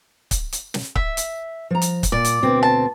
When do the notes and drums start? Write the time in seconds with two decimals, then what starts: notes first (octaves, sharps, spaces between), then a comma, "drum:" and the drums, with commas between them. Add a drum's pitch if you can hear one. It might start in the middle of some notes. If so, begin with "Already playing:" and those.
0.31 drum: kick C#1, hi-hat
0.52 drum: hi-hat
0.74 drum: snare
0.96 E5, drum: kick C#1
1.17 drum: hi-hat
1.71 F3 A#5
1.82 drum: hi-hat
2.03 drum: kick C#1, hi-hat
2.12 A#2 D5
2.25 drum: hi-hat
2.42 D2 B2 C4
2.63 A5